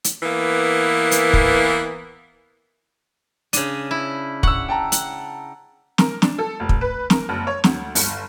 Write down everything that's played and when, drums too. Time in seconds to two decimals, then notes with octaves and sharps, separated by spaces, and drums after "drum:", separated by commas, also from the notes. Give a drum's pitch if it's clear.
0.04 drum: hi-hat
0.22 E3 A#3 B3
1.11 drum: hi-hat
1.33 drum: kick
3.53 C#3 D4 D#7, drum: hi-hat
3.91 E4
4.43 F#5 C#6 E6, drum: kick
4.68 G5 A5 A#5
4.92 F#5, drum: hi-hat
5.98 A#4, drum: snare
6.22 D4, drum: snare
6.38 A4
6.60 F1
6.69 drum: kick
6.81 B4
7.10 A#4, drum: snare
7.29 F#1
7.47 C#5
7.64 D2, drum: snare
7.95 G1, drum: open hi-hat